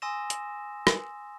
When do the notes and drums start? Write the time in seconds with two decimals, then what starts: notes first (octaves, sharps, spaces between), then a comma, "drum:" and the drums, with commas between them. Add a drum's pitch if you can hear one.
0.02 G#5 C6 D#6 E6 A#6 E7
0.30 drum: hi-hat
0.87 drum: rim click